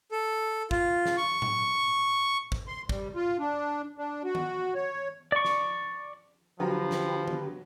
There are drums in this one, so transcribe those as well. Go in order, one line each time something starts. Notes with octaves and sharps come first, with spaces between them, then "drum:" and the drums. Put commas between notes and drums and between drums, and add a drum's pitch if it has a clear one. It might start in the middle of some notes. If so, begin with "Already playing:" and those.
A4
F4, drum: kick
drum: snare
C#6
drum: tom A2
drum: kick
C6
G3, drum: kick
F4
D4
D4
F#4
drum: tom D#3
C#5
D5 C#6
drum: snare
D3 F3 F#3 G4 B4 A#5
drum: snare
drum: tom D#3